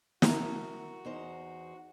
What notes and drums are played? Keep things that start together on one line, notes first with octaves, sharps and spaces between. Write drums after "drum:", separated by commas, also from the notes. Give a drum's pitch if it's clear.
E4 F#4 A#4 A#5, drum: snare
E2 D#4 C5